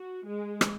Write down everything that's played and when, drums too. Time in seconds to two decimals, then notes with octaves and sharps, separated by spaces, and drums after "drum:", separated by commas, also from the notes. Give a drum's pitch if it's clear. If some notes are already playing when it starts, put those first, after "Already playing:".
Already playing: F#4
0.27 G#3
0.61 drum: rim click